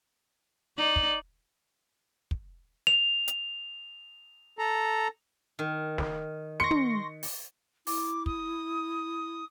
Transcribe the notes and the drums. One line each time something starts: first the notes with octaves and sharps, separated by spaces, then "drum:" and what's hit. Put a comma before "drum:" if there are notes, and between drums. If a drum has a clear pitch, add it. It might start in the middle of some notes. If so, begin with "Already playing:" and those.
D#4 D5 F#7
drum: kick
drum: kick
F7
drum: hi-hat
A4 A#5
D#3
drum: snare
C6 C#6 A#6 C#7
drum: tom
drum: open hi-hat
E4 D6, drum: open hi-hat
D#6, drum: kick